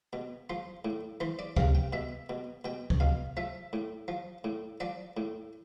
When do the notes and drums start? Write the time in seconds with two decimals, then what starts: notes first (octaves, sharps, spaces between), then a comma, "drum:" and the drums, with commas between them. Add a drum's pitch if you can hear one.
0.13 B2
0.50 F3 C5
0.85 A2
1.20 E3 C5
1.39 D5
1.57 C3 F5, drum: kick C#2
1.75 G5
1.93 B2 E5
2.30 B2
2.65 B2 G5
2.90 drum: kick C#2
3.00 B2 F5
3.37 F3 E5
3.73 A2
4.08 F3
4.44 A2
4.80 F3 D5
5.17 A2